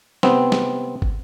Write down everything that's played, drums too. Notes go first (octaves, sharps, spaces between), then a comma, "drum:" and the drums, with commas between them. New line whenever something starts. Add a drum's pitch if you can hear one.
C3 B3 C4, drum: snare
drum: snare
drum: kick